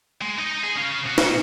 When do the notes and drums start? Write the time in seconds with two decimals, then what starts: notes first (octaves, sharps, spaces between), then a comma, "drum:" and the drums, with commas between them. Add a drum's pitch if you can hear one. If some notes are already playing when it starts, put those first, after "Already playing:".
0.22 G#3
0.39 D#4 D#5
0.64 G#4
0.77 C#4 F5
1.06 B2 F#4
1.18 drum: snare